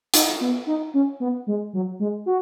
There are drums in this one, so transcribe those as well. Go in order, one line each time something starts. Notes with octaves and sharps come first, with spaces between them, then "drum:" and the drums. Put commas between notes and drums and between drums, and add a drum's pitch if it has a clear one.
D#4, drum: hi-hat
B3
D#4
C#4
B3
G#3
F#3
G#3
F#4